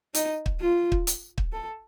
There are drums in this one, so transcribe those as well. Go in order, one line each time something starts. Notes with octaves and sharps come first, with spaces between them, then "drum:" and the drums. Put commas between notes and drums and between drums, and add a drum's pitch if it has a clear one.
D#4, drum: hi-hat
drum: kick
F4
drum: kick
drum: hi-hat
drum: kick
A4